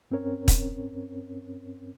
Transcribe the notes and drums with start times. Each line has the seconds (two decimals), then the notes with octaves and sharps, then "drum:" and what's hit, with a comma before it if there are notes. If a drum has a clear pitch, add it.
0.11 G2 C4 C#4 A#4 C#5
0.48 drum: kick, hi-hat